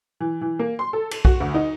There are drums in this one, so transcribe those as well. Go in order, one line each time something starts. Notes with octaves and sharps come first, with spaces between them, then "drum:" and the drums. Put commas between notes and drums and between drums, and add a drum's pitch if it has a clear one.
E3
E3
A#3
C6
A4
A4, drum: cymbal
F#4, drum: kick B1
D2
D#4